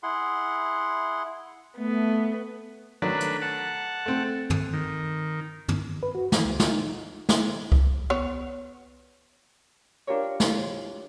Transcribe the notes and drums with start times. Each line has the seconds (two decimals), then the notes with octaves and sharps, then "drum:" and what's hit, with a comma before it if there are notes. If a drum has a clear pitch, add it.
0.03 E4 G#4 F#5 C6
1.78 A3 B3
3.02 D#3 F#3 A3 D4 B4
3.20 drum: hi-hat
3.42 F#5 A5
4.06 A3 C4
4.50 drum: tom
4.73 D#3
5.68 drum: tom
6.03 B4
6.15 F#4
6.32 E3, drum: snare
6.45 C#2
6.60 F4, drum: snare
6.72 D#4
7.29 drum: snare
7.72 drum: kick C2
8.10 B3 C#5
10.07 D4 F4 G4 A#4 C#5
10.40 drum: snare